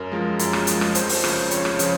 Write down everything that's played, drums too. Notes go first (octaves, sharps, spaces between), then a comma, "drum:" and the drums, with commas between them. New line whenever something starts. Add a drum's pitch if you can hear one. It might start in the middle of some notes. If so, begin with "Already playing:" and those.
Already playing: F#2 A#4
F3 G#3
F#2, drum: hi-hat
drum: rim click
F3 G#3, drum: hi-hat
drum: rim click
F2 C5, drum: hi-hat
drum: open hi-hat
C#3 F3, drum: rim click
F2 C#5, drum: hi-hat
drum: rim click
C#3 F3, drum: hi-hat